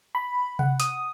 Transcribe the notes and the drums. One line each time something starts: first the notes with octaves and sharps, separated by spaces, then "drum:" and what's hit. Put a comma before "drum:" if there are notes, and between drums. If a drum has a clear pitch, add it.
B5
F#5, drum: tom C3
D#6, drum: hi-hat